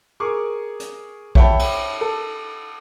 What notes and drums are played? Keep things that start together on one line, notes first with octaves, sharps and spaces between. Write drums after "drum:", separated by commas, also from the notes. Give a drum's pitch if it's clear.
G#4 A#4 C#6 D6
drum: hi-hat
C#5 E5 F#5 G5 A5 B5, drum: kick A#1
drum: cymbal
A4